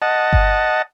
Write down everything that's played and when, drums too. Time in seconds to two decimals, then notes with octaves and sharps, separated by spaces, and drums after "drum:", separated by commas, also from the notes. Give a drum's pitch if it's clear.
0.02 D#5 F#5 A5
0.33 drum: kick G1